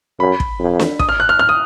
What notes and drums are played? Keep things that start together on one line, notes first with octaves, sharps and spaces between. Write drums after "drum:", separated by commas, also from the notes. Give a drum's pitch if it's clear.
F#2 B5
drum: kick
F2
drum: snare
D#6, drum: kick
F6
F#6
F6
F6
D#6